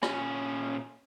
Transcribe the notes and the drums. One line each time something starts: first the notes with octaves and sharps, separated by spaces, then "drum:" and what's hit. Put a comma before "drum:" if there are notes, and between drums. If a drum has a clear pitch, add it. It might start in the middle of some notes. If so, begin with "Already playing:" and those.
A#2 C#4 G#5, drum: rim click